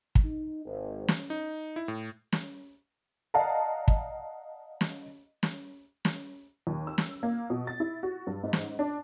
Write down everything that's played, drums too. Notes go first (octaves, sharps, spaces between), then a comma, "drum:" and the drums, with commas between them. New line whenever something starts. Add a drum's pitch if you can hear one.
drum: kick
D#4
G#1
drum: snare
D#4
E4
A2
drum: snare
D5 D#5 F5 F#5 A5 A#5
drum: kick
drum: snare
drum: snare
drum: snare
D#2
E6
drum: snare
A#3
B2
A6
E4
F#4
G2
G#2
drum: snare
D4